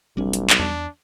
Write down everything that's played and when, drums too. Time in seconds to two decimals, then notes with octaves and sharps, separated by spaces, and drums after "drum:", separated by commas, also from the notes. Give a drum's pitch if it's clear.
0.17 F1 B1 G3 C#4
0.33 drum: hi-hat
0.50 drum: clap
0.59 E2 D4